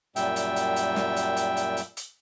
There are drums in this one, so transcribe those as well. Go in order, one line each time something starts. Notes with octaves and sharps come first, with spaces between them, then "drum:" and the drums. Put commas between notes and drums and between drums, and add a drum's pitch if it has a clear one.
F#2 A#2 G3 E5 G5, drum: hi-hat
drum: hi-hat
drum: hi-hat
drum: hi-hat
drum: snare
drum: hi-hat
drum: hi-hat
drum: hi-hat
drum: hi-hat
drum: hi-hat